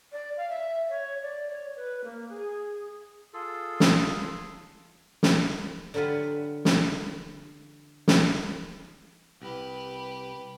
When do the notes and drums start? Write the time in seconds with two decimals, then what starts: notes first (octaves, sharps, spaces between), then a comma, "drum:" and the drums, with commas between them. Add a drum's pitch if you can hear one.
0.12 D5
0.37 F5
0.49 E5
0.89 C#5
1.22 D5
1.49 C#5
1.76 B4
2.04 A#3
2.29 G#4
3.33 F4 G#4 A4
3.80 drum: snare
5.23 drum: snare
5.94 D3 F#3 G3 F4 B4
6.65 drum: snare
8.08 drum: snare
9.42 C2 G4 B4